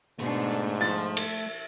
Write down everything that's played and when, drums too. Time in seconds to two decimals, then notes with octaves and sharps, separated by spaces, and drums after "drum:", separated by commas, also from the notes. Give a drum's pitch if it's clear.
0.19 G#2 B2 D3 A3 D4
0.81 F3 A6
1.17 E5, drum: cymbal